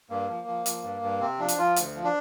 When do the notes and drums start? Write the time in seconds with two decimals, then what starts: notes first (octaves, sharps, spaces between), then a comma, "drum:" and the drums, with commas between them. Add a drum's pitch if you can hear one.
0.10 G2 A#3
0.29 F3
0.47 F3
0.66 F3, drum: hi-hat
0.83 G2
1.02 G2
1.21 C3 C4
1.39 F3 D4
1.48 drum: hi-hat
1.58 F3 F4
1.76 D2, drum: hi-hat
1.95 F3
2.04 D4